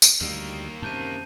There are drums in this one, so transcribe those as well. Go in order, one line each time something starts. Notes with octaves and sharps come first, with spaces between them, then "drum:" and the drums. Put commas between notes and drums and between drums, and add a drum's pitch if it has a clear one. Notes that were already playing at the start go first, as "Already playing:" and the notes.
drum: tambourine
D2 D#3 G3 A#3
F#2 C3 A5 G6 D#7